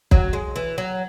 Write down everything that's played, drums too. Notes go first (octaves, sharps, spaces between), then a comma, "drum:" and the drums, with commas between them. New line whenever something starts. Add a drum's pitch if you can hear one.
F#3, drum: kick
G#3
E3
F#3